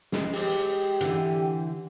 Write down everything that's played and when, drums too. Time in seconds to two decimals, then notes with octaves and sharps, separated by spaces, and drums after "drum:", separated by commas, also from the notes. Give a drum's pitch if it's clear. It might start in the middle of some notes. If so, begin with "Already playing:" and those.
0.12 G#3, drum: snare
0.33 G4, drum: open hi-hat
1.01 D3 E3, drum: hi-hat